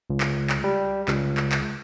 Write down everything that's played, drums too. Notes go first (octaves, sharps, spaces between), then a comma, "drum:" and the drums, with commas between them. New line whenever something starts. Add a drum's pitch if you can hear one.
C#2
drum: clap
drum: clap
G3
C#2, drum: clap
drum: clap
drum: clap